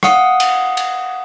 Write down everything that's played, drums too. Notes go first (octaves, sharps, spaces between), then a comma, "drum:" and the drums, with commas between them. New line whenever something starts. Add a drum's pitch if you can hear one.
F5 F#5 D#6, drum: rim click
drum: cymbal
drum: cymbal